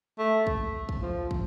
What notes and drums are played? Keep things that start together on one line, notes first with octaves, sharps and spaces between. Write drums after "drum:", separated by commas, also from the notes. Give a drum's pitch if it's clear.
A3
drum: kick
drum: kick
F3
drum: kick